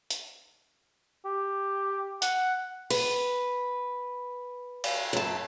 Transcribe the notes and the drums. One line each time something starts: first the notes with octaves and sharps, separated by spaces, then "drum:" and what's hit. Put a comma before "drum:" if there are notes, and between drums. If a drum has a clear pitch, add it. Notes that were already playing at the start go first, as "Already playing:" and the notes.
drum: hi-hat
G4
F#5, drum: hi-hat
B4, drum: open hi-hat
drum: cymbal
F#2 A5